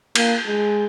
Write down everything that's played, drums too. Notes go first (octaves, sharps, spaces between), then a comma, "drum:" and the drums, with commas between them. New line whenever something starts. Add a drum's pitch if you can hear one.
A#3, drum: cymbal
G#3